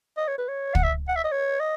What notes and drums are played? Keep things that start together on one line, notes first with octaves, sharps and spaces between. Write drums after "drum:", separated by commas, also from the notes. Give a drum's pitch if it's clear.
D#5
C#5
B4
C#5
F#5, drum: kick
E5
F#5
E5
D#5
C#5
D#5